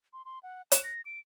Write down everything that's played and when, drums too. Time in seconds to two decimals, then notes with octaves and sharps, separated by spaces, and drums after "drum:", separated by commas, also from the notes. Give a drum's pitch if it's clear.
0.13 C6
0.25 C6
0.43 F#5
0.72 E7, drum: hi-hat
0.84 A#6
1.05 D7